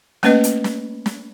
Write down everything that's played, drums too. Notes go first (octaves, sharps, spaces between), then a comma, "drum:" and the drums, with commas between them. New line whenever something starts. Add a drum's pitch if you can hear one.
A3 A#3 C#4 B4 D#5, drum: snare
drum: hi-hat
drum: snare
drum: snare